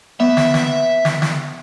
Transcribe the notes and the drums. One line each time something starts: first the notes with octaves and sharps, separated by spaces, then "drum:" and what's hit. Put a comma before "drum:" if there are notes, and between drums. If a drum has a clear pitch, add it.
B3 E5
drum: snare
drum: snare
drum: snare
drum: snare